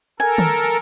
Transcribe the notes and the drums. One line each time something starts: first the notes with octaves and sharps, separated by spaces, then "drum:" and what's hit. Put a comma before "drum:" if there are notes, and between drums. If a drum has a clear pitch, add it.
A4 A#4 G#5
drum: tom